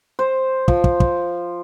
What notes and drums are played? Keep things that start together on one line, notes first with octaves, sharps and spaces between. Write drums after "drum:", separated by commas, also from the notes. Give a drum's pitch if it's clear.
C5
F3, drum: kick
drum: kick
drum: kick